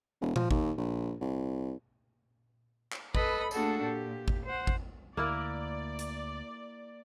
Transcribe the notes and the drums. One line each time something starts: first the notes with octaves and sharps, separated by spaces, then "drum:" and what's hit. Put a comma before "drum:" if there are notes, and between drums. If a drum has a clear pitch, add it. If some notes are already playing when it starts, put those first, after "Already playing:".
E1
F3, drum: tom A#2
D#2, drum: kick G#1
A#1
C2
drum: clap
A4 B4 D#5 B5, drum: kick G#1
A3 A#3 D4 F#4 G#4 A4, drum: tambourine
A#2 G4
drum: kick G#1
C5 F#5
drum: kick G#1
D2 A#3 E4 A#4 D5
drum: hi-hat